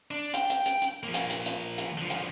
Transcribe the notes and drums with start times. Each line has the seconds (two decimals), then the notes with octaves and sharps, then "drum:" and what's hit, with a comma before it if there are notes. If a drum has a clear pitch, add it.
0.11 D4
0.34 G5, drum: hi-hat
0.50 drum: hi-hat
0.66 drum: hi-hat
0.82 drum: hi-hat
1.03 F3 A#3
1.14 drum: hi-hat
1.30 drum: hi-hat
1.46 drum: hi-hat
1.78 drum: hi-hat
1.97 D3 F3
2.10 drum: hi-hat